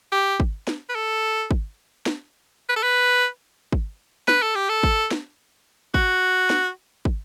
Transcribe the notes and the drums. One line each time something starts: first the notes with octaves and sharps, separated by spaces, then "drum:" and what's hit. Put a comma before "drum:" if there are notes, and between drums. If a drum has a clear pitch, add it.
G4
drum: kick
drum: snare
B4
A4
drum: kick
drum: snare
B4
A4
B4
drum: kick
B4, drum: snare
A4
G4
A4
drum: kick
drum: snare
F#4, drum: kick
drum: snare
drum: kick